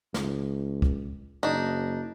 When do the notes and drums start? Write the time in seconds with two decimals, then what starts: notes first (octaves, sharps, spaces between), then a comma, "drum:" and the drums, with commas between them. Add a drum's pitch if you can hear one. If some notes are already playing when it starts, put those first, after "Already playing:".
0.14 C#2, drum: snare
0.82 drum: kick
1.43 F#1 D4 D#4